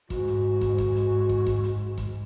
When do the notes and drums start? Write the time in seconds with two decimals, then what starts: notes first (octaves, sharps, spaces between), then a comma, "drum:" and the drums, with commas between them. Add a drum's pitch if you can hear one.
0.10 G#2 F#4, drum: kick, hi-hat
0.27 drum: hi-hat
0.61 drum: kick, hi-hat
0.78 drum: kick, hi-hat
0.95 drum: hi-hat
1.29 drum: kick
1.46 drum: kick, hi-hat
1.64 drum: hi-hat
1.98 drum: kick, hi-hat